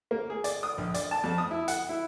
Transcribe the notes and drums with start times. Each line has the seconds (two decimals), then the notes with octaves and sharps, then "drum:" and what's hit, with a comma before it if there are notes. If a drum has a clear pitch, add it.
0.11 A#3
0.30 G#4
0.44 D5, drum: hi-hat
0.63 D#6
0.78 A#1
0.94 D5, drum: hi-hat
1.11 A5
1.24 F2
1.38 D#6
1.51 E4
1.68 F#5, drum: hi-hat
1.89 E4